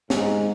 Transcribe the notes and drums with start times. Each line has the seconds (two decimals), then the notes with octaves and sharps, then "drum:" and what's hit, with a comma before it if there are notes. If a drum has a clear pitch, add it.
0.10 G#2, drum: snare